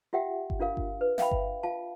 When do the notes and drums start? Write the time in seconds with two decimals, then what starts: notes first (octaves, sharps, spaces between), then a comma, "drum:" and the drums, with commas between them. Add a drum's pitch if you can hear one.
0.13 F4 G4 E5 F#5 G5
0.50 drum: kick G1
0.60 D4 F4 A#4 F5
0.77 drum: kick G1
1.01 B4
1.18 E5 F5 G5 B5, drum: snare
1.31 drum: kick G1
1.63 F4 F5 A5